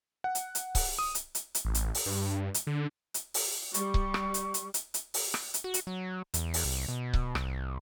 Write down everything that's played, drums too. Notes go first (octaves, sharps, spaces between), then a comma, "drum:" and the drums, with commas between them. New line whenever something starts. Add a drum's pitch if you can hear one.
F#5
drum: hi-hat
drum: hi-hat
drum: kick C#1, open hi-hat
D#6
drum: hi-hat
drum: hi-hat
drum: hi-hat
A1
drum: hi-hat
drum: open hi-hat
G2
drum: hi-hat
D3
drum: hi-hat
drum: open hi-hat
G3 C#6, drum: hi-hat
drum: kick C#1
drum: rim click
drum: hi-hat
drum: hi-hat
drum: hi-hat
drum: hi-hat
drum: open hi-hat
drum: rim click
drum: hi-hat
F#4
drum: hi-hat
F#3
E2, drum: hi-hat
drum: open hi-hat
C2
B2
drum: kick C#1
C2, drum: rim click